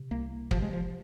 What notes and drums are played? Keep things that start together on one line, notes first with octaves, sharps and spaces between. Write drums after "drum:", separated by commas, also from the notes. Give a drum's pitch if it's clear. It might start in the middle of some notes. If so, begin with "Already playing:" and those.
Already playing: C3
C2 A#3
C3 F3, drum: kick
G#3
F3